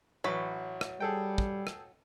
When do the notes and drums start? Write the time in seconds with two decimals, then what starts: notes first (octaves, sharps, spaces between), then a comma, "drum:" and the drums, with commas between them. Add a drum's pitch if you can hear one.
0.24 A1 F#3 B4 B5 C#6
0.81 drum: rim click
1.00 G3 G#4 A4 G5
1.38 drum: kick
1.67 drum: rim click